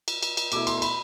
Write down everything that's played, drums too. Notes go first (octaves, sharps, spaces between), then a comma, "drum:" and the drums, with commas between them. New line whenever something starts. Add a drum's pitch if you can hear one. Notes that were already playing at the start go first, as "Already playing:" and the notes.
drum: cymbal
drum: cymbal
drum: cymbal
B2 A3 E4 D6, drum: cymbal
C6, drum: cymbal
C6
B5, drum: cymbal